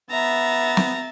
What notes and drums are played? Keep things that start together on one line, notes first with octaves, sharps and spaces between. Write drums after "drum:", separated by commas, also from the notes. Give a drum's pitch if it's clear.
B3 E5 A#5 A6
drum: snare